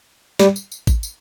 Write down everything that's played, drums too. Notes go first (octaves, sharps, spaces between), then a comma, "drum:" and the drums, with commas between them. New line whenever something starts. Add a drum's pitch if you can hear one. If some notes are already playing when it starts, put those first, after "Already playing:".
G3, drum: snare
drum: tambourine
drum: tambourine
drum: kick A1, tambourine
drum: tambourine